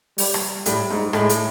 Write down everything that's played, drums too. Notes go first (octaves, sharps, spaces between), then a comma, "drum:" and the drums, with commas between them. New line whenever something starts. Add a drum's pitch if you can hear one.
G3, drum: open hi-hat
drum: rim click
A2 G3, drum: hi-hat
G#2
A2 G#3, drum: rim click
drum: hi-hat